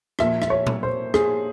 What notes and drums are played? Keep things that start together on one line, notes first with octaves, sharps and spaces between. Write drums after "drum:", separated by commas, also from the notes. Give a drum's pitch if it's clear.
A#2 F3 A#3 E5, drum: rim click
E5, drum: rim click
C#5
drum: tom A#2
C5
G#4, drum: rim click